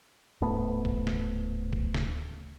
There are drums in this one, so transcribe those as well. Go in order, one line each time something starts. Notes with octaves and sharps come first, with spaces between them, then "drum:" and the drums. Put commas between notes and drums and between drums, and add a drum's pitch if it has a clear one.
D1 G#2 A3 B3
drum: kick
drum: snare
drum: kick
drum: snare